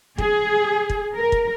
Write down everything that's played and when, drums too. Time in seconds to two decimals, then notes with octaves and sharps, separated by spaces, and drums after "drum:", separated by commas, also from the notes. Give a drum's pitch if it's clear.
0.18 G#4, drum: kick
0.90 drum: kick
1.14 A#4
1.32 drum: kick